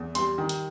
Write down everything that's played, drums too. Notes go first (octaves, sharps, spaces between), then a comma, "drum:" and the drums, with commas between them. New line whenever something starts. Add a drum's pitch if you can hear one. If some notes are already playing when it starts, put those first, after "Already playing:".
Already playing: E2
G3 C6, drum: hi-hat
D#3
drum: hi-hat